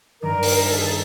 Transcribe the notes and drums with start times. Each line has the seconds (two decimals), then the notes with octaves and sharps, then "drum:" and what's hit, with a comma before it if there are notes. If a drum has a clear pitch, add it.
0.21 G2 D#3 G3 A#4
0.43 drum: open hi-hat
0.69 A4
0.76 G#4
0.83 A4